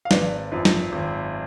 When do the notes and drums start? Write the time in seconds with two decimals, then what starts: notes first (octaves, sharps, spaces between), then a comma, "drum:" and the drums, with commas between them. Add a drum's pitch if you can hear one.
0.05 F5
0.11 G#1 B4 D5, drum: snare
0.52 F#2 F3
0.65 drum: snare
0.92 G#1